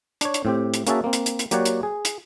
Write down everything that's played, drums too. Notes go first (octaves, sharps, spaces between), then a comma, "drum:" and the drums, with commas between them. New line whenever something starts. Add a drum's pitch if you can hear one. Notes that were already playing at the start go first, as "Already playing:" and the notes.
D4 C#5, drum: hi-hat
drum: hi-hat
A2 C4 G4
drum: hi-hat
A#3 C#4 F#4 G#4 E5 A5, drum: hi-hat
A#3 C4
drum: hi-hat
drum: hi-hat
drum: hi-hat
F#3 A#3 G4 C#5 D5 F#5, drum: hi-hat
drum: hi-hat
G#4
drum: hi-hat